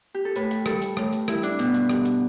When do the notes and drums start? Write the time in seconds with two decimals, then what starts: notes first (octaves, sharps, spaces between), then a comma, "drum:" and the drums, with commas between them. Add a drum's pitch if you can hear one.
0.14 G4
0.25 A4
0.36 A2 B4, drum: hi-hat
0.51 drum: hi-hat
0.66 G3 A4, drum: rim click
0.82 drum: hi-hat
0.97 A2, drum: rim click
1.13 drum: hi-hat
1.28 G3 E4, drum: rim click
1.43 D4, drum: hi-hat
1.59 B2, drum: hi-hat
1.74 drum: hi-hat
1.89 G3, drum: rim click
2.05 drum: hi-hat